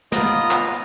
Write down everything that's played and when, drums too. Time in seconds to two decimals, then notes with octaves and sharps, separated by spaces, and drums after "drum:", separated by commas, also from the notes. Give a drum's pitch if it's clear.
0.12 B3 F4 D#5 A#5 D#6, drum: snare
0.51 drum: clap